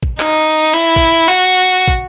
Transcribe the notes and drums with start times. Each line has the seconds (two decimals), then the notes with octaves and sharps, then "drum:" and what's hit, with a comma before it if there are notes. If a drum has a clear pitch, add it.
0.03 drum: kick
0.20 D#4, drum: clap
0.73 E4, drum: cymbal
0.96 drum: kick
1.28 F#4
1.88 drum: kick